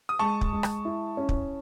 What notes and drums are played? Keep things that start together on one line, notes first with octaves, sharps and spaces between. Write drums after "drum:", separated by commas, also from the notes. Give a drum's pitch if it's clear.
D#6
G#3 A5 C#6
drum: kick
G#3
drum: rim click
E4
C#4
drum: kick